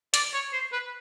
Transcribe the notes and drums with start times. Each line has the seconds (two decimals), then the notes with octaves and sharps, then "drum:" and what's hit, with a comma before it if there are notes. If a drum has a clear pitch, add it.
0.14 D5, drum: hi-hat
0.34 C#5
0.53 C5
0.72 B4